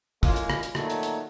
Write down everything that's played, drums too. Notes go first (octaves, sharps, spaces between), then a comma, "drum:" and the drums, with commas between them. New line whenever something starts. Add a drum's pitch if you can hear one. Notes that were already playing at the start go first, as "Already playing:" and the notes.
F#2 A2 G#3 A#3 F4, drum: kick, open hi-hat
drum: hi-hat
drum: rim click
drum: hi-hat
A#2 D#3 F#3 A3, drum: rim click
drum: hi-hat
drum: hi-hat